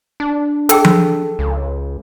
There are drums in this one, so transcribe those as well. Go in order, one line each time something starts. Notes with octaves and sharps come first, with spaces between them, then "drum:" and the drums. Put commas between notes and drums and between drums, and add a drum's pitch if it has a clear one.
D4
G#4 A4 G5 E6, drum: hi-hat
drum: tom F3
C#2